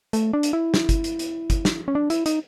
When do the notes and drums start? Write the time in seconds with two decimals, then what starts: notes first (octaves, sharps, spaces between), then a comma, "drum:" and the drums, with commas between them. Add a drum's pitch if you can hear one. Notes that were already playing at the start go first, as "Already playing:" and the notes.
0.13 A3, drum: hi-hat
0.33 D4
0.43 drum: hi-hat
0.53 E4
0.74 drum: snare
0.89 drum: kick G1, hi-hat
1.04 drum: hi-hat
1.19 drum: hi-hat
1.50 drum: kick G1, hi-hat
1.65 drum: snare
1.88 C#4
1.95 D4
2.10 E4, drum: hi-hat
2.26 D#4, drum: hi-hat